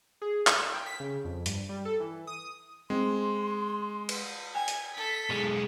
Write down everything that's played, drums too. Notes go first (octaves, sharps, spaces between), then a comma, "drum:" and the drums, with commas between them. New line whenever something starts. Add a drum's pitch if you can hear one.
G#4
E6, drum: clap
G5
B6
C#3
F2
G2, drum: hi-hat
G3
A4
E3
D#6
G#3 C4 C6
drum: cymbal
G5 G#5 G#6
drum: hi-hat
A4 B6
B1 G#3